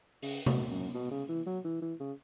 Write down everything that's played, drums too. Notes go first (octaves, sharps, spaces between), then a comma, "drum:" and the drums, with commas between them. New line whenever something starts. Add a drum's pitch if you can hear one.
C#3, drum: open hi-hat
B2, drum: tom C3
F#2
B2
C#3
E3
F#3
E3
E3
C#3